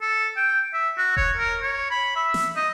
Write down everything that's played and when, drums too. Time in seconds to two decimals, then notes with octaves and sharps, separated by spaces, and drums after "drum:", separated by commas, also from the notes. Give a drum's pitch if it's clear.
0.01 A4
0.37 G5
0.73 E5
0.98 F#4
1.17 C#5, drum: kick E1
1.37 A#4
1.62 C#5
1.91 B5
2.16 E5
2.34 drum: snare
2.56 D#5